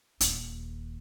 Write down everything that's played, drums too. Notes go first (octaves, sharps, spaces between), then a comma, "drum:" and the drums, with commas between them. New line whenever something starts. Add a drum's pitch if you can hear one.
D#1 D#2, drum: hi-hat